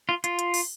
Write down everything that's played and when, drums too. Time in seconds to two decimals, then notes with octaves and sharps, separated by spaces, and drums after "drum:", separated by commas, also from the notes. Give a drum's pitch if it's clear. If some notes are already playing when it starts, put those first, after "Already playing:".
0.09 F4
0.24 F4, drum: hi-hat
0.39 drum: hi-hat
0.54 drum: open hi-hat